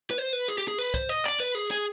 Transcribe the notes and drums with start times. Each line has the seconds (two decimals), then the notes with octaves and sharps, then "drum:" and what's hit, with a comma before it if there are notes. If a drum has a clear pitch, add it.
0.11 B4
0.18 C5
0.33 B4, drum: tambourine
0.48 G#4, drum: tambourine
0.58 G4
0.68 G#4
0.79 B4, drum: tambourine
0.94 C5, drum: kick, tambourine
1.09 D#5, drum: tambourine
1.25 D5, drum: clap
1.40 B4, drum: tambourine
1.55 G#4, drum: tambourine
1.71 G#4, drum: tambourine